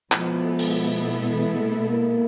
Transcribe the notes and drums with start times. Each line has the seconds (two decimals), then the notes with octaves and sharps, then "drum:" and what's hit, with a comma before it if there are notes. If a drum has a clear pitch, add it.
0.12 B2 F3 G#3 B3 E4 A4, drum: clap
0.59 drum: open hi-hat
1.29 E3
1.58 A3
1.88 A#3